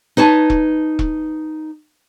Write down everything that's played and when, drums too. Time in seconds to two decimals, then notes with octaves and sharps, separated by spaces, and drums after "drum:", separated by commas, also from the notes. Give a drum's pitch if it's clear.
0.17 D#4 B4 C#5 A5
0.50 drum: kick E1
0.99 drum: kick E1